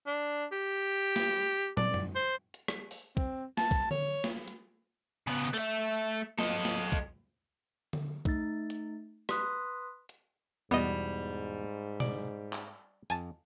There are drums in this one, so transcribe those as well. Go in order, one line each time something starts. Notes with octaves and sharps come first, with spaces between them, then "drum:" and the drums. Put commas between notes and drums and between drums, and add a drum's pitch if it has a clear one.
D4
G4
drum: snare
D5, drum: tom
drum: tom
C5
drum: hi-hat
drum: rim click
drum: open hi-hat
C4, drum: kick
A5, drum: snare
drum: kick
C#5, drum: tom D3
drum: snare
drum: hi-hat
C#3 B3
A3 E5
A4 D#5, drum: snare
drum: snare
drum: kick
drum: tom D3
A3 D#4 A6, drum: kick
drum: hi-hat
B4 C6 D#6 F#6 B6, drum: rim click
drum: hi-hat
E2 G#2 B2 G3 B3 D#5
D5, drum: tom
drum: clap
F2 G#5 A5, drum: hi-hat